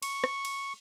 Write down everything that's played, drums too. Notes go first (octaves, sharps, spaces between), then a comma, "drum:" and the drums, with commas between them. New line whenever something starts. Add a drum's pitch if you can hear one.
C#6, drum: cymbal
drum: rim click
drum: cymbal